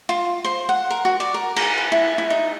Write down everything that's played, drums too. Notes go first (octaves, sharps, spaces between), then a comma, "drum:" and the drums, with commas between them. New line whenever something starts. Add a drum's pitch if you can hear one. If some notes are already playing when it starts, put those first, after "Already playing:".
F4
C5
F#5
A#4
F#4
D5
A#4
A#5, drum: cymbal
B4
E4
E4
D#4